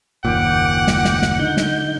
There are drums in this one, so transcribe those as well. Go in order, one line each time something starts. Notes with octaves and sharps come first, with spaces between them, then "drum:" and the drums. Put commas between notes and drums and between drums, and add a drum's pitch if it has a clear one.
F#1 D#2 A#2 F#5 G5 D6
drum: snare
drum: snare
drum: snare
D3 D#4 G6
drum: snare